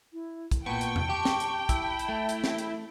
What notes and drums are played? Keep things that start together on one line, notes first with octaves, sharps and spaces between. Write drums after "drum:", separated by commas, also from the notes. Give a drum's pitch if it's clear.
E4
drum: kick, hi-hat
A#2 B3 G5 A5 C#6
drum: hi-hat
drum: tom E2
G4 C#6
drum: snare
drum: hi-hat
E4, drum: kick, hi-hat
drum: hi-hat
A3
drum: hi-hat
drum: snare
drum: hi-hat